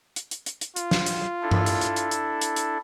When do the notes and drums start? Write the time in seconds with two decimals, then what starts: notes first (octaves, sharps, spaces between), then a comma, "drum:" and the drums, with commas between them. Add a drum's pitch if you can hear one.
0.16 drum: hi-hat
0.31 drum: hi-hat
0.46 drum: hi-hat
0.61 drum: hi-hat
0.76 F4, drum: hi-hat
0.91 drum: snare
1.06 drum: hi-hat
1.42 D4 E4 A4
1.51 drum: tom G2
1.66 drum: hi-hat
1.81 drum: hi-hat
1.96 drum: hi-hat
2.11 drum: hi-hat
2.41 drum: hi-hat
2.56 drum: hi-hat